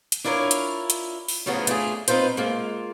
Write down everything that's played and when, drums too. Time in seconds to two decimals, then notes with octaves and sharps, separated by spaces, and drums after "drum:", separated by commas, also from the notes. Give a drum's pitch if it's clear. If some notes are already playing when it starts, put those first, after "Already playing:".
0.12 drum: hi-hat
0.24 D4 E4 F4 A#4 B4 C#5
0.51 drum: hi-hat
0.90 drum: hi-hat
1.28 drum: open hi-hat
1.46 A2 C#3 F3 F#3 B3 E4
1.67 A3 D4 F4 G#4, drum: hi-hat
2.08 C4 D#4 F4 B4 C5, drum: hi-hat
2.37 G#3 A#3 F4